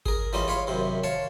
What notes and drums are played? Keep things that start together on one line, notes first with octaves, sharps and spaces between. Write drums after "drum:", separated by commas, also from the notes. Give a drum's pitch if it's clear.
G#4 A#4, drum: kick G#1
E3 G3 C#4 D#4 F4
C#5 F5 B5 C6
F#2 C3 D#3
C#5 F5 A5 C#6